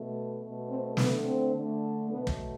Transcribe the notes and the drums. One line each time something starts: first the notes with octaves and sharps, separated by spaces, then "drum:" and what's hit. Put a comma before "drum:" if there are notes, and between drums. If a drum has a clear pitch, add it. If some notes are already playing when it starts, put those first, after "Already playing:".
Already playing: B2 A3
B2 A3
C4
D3 A3 B3, drum: snare
C4
D3 A3
B2 F#3 A3 B3
drum: kick